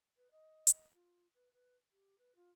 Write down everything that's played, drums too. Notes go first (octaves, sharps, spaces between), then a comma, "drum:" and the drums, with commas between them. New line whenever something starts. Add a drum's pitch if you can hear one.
B4
D#5
drum: hi-hat
F4
B4
B4
G4
B4
F4